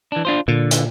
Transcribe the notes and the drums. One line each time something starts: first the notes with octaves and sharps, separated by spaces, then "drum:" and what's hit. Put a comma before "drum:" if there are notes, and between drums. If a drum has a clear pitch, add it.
E3 D4
D4 F4 C5
A#2 D3
drum: hi-hat